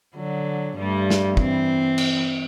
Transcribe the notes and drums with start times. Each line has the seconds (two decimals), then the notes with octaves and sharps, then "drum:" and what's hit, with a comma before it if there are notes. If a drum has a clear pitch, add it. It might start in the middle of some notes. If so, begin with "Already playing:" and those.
0.16 D3 F#3
0.79 G2 G3 A3
1.10 drum: snare
1.37 E3 C4, drum: kick
1.98 drum: cymbal